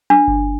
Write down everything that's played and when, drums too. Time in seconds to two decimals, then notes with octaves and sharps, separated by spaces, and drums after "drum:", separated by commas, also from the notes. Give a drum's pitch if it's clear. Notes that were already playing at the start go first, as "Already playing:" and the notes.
0.10 D4
0.28 drum: kick G1